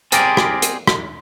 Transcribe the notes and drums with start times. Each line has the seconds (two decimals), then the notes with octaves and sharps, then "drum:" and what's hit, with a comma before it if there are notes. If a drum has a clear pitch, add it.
0.12 C4 G4 G#4 A#4 C5 D5, drum: hi-hat
0.37 drum: rim click
0.62 drum: hi-hat
0.87 drum: rim click